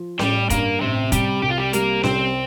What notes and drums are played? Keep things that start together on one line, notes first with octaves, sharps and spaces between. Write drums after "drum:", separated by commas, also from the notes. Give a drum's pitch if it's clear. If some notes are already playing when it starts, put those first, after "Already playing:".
Already playing: F3
A1 G3 G4, drum: snare C#4
G2 A#3 A#4, drum: kick F1, hi-hat
A1 C3 C4
C3 G3 G4, drum: kick F1, hi-hat
C2 G4
F4
G3 G4
G3 A#3 A#4, drum: hi-hat
C2 C4 C5, drum: snare C#4